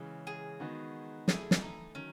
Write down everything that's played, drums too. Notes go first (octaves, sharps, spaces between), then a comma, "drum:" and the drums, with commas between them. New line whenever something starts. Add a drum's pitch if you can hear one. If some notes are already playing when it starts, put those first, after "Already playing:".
Already playing: C#3 E3 G#3 C#4
G#4
D#3 G#3 B3 D#4 F#4
E3 A3 E4 G#4, drum: snare
drum: snare
D#4
D#3 F#3 C#4